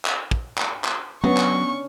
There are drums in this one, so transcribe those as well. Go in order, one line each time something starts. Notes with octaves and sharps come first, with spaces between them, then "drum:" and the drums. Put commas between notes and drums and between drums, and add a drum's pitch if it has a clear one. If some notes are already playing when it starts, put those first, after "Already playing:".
drum: clap
drum: kick
drum: clap
drum: clap
F#3 B3 C#4 D4 C#6
drum: clap